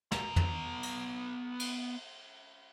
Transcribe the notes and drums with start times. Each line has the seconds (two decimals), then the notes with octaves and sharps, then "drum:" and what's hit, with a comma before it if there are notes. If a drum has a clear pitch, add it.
0.12 B3 A#5, drum: snare
0.36 drum: tom
0.83 drum: cymbal
1.59 drum: cymbal